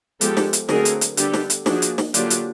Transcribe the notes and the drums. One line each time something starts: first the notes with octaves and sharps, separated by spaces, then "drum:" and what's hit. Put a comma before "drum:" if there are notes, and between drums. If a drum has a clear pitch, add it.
F3 G#3 B3 G4 A4, drum: hi-hat
drum: snare
drum: hi-hat
D3 F#3 A3 C4 G#4 A#4, drum: snare
drum: hi-hat
drum: hi-hat
D3 G3 B3 D4 G4 A4, drum: hi-hat
drum: snare
drum: hi-hat
F3 A#3 D4 F#4 G#4, drum: snare
drum: hi-hat
drum: snare
D3 F#3 A#3 D4 F4 G4, drum: hi-hat
drum: hi-hat